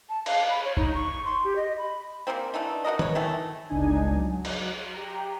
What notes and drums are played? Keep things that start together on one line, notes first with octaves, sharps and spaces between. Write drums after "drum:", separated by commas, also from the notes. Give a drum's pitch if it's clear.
A5
F5, drum: cymbal
B5
C#5
D#4, drum: kick F#1
C#6
C6
G4
D#5
B5
G3 G#3 A#3 C4
D3 E3 A3 D#4
D#4 F#4 A#4 D#5
B4 C#5, drum: tom D#3
D#3 E3 A3
G1 C#2 D4 D#4 G#5
F#3
drum: cymbal
G4 A#5